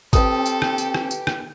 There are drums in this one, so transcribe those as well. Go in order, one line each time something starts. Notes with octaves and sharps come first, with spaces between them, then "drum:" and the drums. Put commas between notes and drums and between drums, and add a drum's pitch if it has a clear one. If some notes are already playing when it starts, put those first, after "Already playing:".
C4 G4 A4 B4 D#6, drum: kick G#1, tambourine
drum: tambourine
drum: rim click
drum: tambourine
drum: rim click
drum: tambourine
drum: rim click